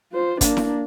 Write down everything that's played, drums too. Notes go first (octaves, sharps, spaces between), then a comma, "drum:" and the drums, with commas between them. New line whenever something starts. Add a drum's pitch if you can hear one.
F4 C5
A#3 D4, drum: kick, hi-hat
drum: snare E4